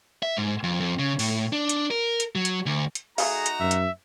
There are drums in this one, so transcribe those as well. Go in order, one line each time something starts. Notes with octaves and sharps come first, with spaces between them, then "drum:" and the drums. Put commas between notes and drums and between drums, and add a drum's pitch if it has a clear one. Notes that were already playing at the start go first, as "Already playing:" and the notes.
E5
G#2
F2
F2
C#3
A2, drum: open hi-hat
D4
drum: hi-hat
A#4
drum: hi-hat
F#3
drum: hi-hat
D2
drum: hi-hat
A3 D#4 F#4 G#4 B4 F5 A#5, drum: open hi-hat
drum: hi-hat
F#2 E5
drum: hi-hat